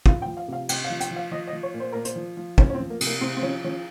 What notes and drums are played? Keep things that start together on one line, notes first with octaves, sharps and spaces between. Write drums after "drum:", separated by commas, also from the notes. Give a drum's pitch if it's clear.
F3 F5, drum: kick
G5
F3
F5
C3 F5
C3 G5, drum: cymbal
F5
F3
G5, drum: hi-hat
F3
F5
F3 D#5
D#5
F3
C#5
A#2
C5
A#2 A#4
C5, drum: hi-hat
F3
F3
F3 C#4, drum: kick
C#4
C4
F3
A#3
C3, drum: cymbal
A#3
C3 C4
C4
F3 C#4
F3 C#4